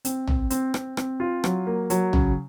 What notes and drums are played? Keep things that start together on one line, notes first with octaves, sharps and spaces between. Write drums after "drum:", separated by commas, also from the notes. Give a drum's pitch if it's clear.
C4, drum: hi-hat
C4, drum: tom A#1
C4, drum: hi-hat
C4, drum: rim click
C4, drum: rim click
F4
F#3, drum: rim click
A#3
F#3, drum: hi-hat
C#3, drum: tom A#1